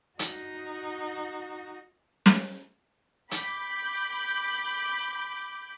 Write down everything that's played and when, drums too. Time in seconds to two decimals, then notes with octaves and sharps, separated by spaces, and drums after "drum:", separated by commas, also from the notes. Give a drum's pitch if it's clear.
0.19 D#4 F#4, drum: hi-hat
2.26 drum: snare
3.31 B5 D6 G6, drum: hi-hat